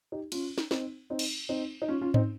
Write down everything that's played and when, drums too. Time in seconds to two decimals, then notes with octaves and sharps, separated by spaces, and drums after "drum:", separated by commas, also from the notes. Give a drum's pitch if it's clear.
0.12 D#4 G4
0.32 C#4 F4, drum: cymbal
0.58 drum: snare
0.71 C4 D#4, drum: snare
1.10 C4 D#4
1.19 drum: cymbal
1.49 C4 D#4
1.82 D#4
1.88 C#4 F4
2.01 C#4 F4
2.14 C4 D#4, drum: tom G#2